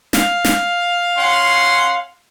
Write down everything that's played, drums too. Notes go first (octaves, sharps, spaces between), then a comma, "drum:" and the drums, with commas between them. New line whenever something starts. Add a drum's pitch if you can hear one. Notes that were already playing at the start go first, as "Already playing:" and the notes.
F5, drum: snare
drum: snare
C#4 F#5 C6